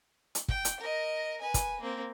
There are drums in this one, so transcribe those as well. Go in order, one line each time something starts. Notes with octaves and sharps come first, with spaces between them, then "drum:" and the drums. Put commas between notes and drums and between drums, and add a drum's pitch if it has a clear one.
drum: hi-hat
G5, drum: kick
drum: hi-hat
A#4 D#5
B4 G#5
drum: kick, hi-hat
A#3 C4